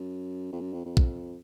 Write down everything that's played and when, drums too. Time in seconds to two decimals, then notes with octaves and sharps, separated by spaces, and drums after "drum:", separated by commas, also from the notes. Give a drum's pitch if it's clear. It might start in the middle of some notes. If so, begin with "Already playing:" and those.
Already playing: F#2
0.52 F2
0.61 F#2
0.73 F2
0.85 F2
0.97 drum: kick A#1